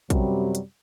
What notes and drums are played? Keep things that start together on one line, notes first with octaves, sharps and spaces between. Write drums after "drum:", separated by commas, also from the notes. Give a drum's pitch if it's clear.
F#2 C3 F#3 G3, drum: kick A#1, hi-hat
drum: hi-hat